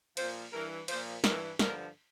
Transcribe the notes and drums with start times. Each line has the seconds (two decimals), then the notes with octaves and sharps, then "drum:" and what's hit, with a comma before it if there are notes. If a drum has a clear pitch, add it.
0.17 A#2 F3 C5, drum: cymbal
0.53 G2 E3 A#4
0.88 A#2 F3 C5, drum: cymbal
1.24 G2 E3 A#4, drum: snare
1.59 G2 D3 F3 A#4, drum: snare